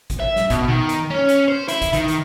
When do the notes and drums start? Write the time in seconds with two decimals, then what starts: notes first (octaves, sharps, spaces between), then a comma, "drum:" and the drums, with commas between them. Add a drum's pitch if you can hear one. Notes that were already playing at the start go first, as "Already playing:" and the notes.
0.10 drum: kick G1, hi-hat
0.20 E5
0.36 drum: snare
0.50 B2, drum: kick G1, hi-hat
0.68 D#3
0.89 drum: hi-hat
1.11 C#4
1.29 drum: hi-hat
1.48 C5
1.68 E4, drum: hi-hat
1.82 drum: kick G1, hi-hat
1.93 D#3, drum: hi-hat
2.08 drum: hi-hat